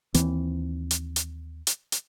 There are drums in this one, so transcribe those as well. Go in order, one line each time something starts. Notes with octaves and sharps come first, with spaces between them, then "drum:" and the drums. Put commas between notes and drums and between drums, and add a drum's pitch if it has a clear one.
D#2 E3 C4, drum: hi-hat
drum: hi-hat
drum: hi-hat
drum: hi-hat
drum: hi-hat